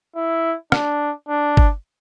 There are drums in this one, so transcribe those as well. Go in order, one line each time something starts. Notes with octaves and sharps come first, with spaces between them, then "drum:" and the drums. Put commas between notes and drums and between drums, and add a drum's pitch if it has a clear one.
E4
D4, drum: rim click
D4
drum: kick G1